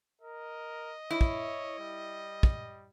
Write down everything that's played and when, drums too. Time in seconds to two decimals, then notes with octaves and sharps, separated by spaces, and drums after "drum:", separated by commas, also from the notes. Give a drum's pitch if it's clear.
0.21 A#4 D#5
1.11 E4 C#5
1.21 drum: kick
1.79 G3
2.43 drum: kick